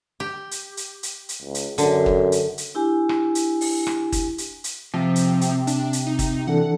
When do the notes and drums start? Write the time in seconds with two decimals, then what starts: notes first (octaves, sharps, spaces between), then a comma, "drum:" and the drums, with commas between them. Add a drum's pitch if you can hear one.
0.20 G4
0.51 drum: hi-hat
0.77 drum: hi-hat
1.03 drum: hi-hat
1.29 drum: hi-hat
1.42 C#2
1.55 drum: hi-hat
1.78 F#2 D3, drum: hi-hat
2.06 drum: kick
2.32 drum: hi-hat
2.58 drum: hi-hat
2.74 D4 E4 G4 G#5
3.09 drum: rim click
3.35 drum: hi-hat
3.61 drum: open hi-hat
3.87 drum: rim click
4.12 drum: kick, hi-hat
4.38 drum: hi-hat
4.64 drum: hi-hat
4.94 C3 F3
5.16 drum: hi-hat
5.41 drum: hi-hat
5.67 D4, drum: hi-hat
5.93 drum: hi-hat
6.07 D#4
6.19 drum: kick, hi-hat
6.47 E3 D4 A4 F#5